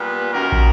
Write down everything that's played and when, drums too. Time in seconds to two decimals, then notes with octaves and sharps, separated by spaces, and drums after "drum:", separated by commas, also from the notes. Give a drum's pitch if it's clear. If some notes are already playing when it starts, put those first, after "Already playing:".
Already playing: A#2 G3 B3
0.32 F#2 D#3 G3 A#4
0.52 drum: kick